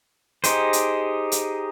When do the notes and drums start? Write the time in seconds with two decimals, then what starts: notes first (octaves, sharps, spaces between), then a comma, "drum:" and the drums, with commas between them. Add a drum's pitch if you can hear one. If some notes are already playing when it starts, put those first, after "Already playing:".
0.44 D#4 G4 G#4 C5, drum: hi-hat
0.73 drum: hi-hat
1.32 drum: hi-hat